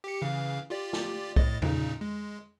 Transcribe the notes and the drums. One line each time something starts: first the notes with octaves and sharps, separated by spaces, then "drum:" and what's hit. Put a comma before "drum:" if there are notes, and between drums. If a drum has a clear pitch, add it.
G4 C#7
C#3 E3 F5
F4 G4 D5
drum: snare
A2 D#5 A6, drum: kick B1
A#2 C#3 D#4, drum: tom E2
G#3